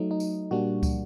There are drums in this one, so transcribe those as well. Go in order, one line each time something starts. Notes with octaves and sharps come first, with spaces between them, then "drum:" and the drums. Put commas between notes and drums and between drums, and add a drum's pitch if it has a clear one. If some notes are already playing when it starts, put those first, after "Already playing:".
Already playing: F#3 A3 D#4
D#4
drum: tambourine
A#2 G3 A#3 D4 F#4
drum: kick, tambourine